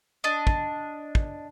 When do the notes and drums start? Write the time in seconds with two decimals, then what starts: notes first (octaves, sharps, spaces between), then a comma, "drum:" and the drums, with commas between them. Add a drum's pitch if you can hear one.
0.24 D4 D#5
0.47 drum: kick
1.15 drum: kick